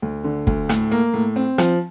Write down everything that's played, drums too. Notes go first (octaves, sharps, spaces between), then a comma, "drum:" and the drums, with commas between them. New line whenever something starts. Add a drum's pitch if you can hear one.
D2
D3
D2, drum: kick
A2, drum: rim click
A#3
A2
C4
F3, drum: rim click